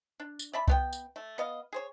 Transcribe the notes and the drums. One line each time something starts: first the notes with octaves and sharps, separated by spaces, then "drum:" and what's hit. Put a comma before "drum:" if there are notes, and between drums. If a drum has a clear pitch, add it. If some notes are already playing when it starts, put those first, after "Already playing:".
D4
drum: tambourine
D5 E5 A5 B5
A3 B3 G5, drum: kick C2
drum: tambourine
A3
B3 D#5 F5
G#4 C5 C#5